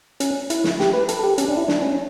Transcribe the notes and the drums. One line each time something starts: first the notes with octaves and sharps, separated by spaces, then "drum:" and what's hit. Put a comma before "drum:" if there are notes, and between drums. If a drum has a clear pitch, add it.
C#4, drum: hi-hat
E4, drum: hi-hat
drum: snare
G4, drum: snare
B4
A4, drum: hi-hat
G4
C#4, drum: hi-hat
D4
E4
D4, drum: snare
C#4